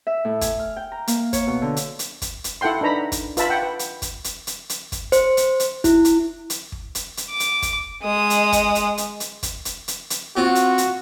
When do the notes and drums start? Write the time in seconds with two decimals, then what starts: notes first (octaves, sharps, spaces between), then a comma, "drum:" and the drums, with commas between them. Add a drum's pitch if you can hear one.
0.07 E5
0.25 A2
0.41 G#5, drum: kick, hi-hat
0.59 F6
0.77 G5
0.92 A#5
1.07 A#3, drum: hi-hat
1.33 C#5, drum: kick, hi-hat
1.47 B2
1.62 D3
1.77 drum: hi-hat
1.99 drum: hi-hat
2.22 drum: kick, hi-hat
2.44 drum: hi-hat
2.61 E4 A4 F#5 G5 C6
2.81 D4 D#4 B4 A#5 B5
3.12 drum: kick, hi-hat
3.37 F4 B4 E5 A5 B5, drum: hi-hat
3.50 F#5 G5
3.63 B4
3.79 drum: hi-hat
4.02 drum: kick, hi-hat
4.24 drum: hi-hat
4.47 drum: hi-hat
4.69 drum: hi-hat
4.92 drum: kick, hi-hat
5.12 C5, drum: hi-hat
5.37 drum: hi-hat
5.60 drum: hi-hat
5.84 E4, drum: kick, hi-hat
6.05 drum: hi-hat
6.50 drum: hi-hat
6.72 drum: kick
6.95 drum: hi-hat
7.17 drum: hi-hat
7.30 D6
7.40 drum: hi-hat
7.62 drum: kick, hi-hat
8.04 G#3 D#6
8.30 drum: hi-hat
8.52 drum: kick, hi-hat
8.75 drum: hi-hat
8.98 drum: hi-hat
9.20 drum: hi-hat
9.43 drum: kick, hi-hat
9.65 drum: hi-hat
9.88 drum: hi-hat
10.10 drum: hi-hat
10.37 C4 F4 F#4
10.55 drum: hi-hat
10.78 drum: hi-hat